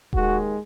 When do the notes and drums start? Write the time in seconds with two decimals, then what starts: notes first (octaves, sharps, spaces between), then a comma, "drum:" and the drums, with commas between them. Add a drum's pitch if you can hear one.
0.13 D#2 D#3 G#3 F#4, drum: kick D#1